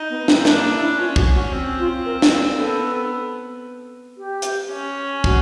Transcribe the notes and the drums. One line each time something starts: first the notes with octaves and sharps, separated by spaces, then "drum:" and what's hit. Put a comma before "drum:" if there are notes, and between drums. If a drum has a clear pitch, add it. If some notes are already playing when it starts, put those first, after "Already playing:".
Already playing: D#4
B3
B3
C4, drum: snare
A#3 D4, drum: snare
E4
C#4 F4
F#4, drum: kick
F#4
C4
F4
A#4
A#4, drum: snare
A#4
A#4
B3 A4
G4
drum: hi-hat
C#4
F#4, drum: kick